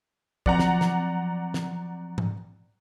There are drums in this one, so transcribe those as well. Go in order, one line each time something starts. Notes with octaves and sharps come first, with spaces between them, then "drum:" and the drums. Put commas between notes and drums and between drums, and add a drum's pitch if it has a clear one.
F3 F#3 C4 D5 F#5 A#5, drum: kick
drum: snare
drum: snare
drum: snare
drum: tom G#2